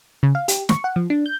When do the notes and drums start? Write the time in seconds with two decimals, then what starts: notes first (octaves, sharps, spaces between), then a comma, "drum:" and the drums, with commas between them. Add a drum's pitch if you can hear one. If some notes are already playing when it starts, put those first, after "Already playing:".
0.23 C#3
0.35 F5
0.48 G4, drum: hi-hat
0.69 C#6, drum: snare
0.84 F#5
0.96 F3
1.10 D4
1.26 G6